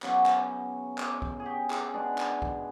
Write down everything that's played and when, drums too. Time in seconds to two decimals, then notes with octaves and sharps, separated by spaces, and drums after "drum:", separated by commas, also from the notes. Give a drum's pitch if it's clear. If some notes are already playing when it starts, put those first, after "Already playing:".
0.02 C#3 F#3 B3, drum: clap
0.26 drum: clap
0.98 drum: clap
1.22 drum: kick B1
1.40 G#4
1.46 G4
1.70 G#4, drum: clap
1.93 B2 G#3 B3 D4
2.18 drum: clap
2.42 drum: kick B1